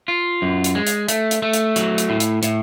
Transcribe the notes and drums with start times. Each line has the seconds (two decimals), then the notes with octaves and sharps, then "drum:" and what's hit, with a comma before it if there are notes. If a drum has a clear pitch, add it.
0.08 F4
0.42 F#2
0.64 drum: hi-hat
0.75 G#3
0.87 drum: hi-hat
1.09 A3, drum: hi-hat
1.31 drum: hi-hat
1.42 A3
1.53 drum: hi-hat
1.76 F#3, drum: hi-hat
1.98 drum: hi-hat
2.09 A2
2.20 drum: hi-hat
2.43 A2, drum: hi-hat